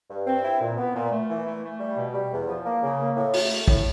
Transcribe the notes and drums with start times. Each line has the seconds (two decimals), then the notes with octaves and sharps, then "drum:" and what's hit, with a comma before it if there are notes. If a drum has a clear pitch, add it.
0.09 G2
0.27 C4
0.43 E4
0.60 A#2
0.77 B3
0.95 A#2
1.12 A3
1.29 E3
1.46 A3
1.63 A3
1.80 G3
1.96 B2
2.14 G3
2.31 E2
2.48 F3
2.65 A#3
2.83 C#3
2.99 A#3
3.17 A2
3.34 A3, drum: open hi-hat
3.50 A2
3.68 A2, drum: kick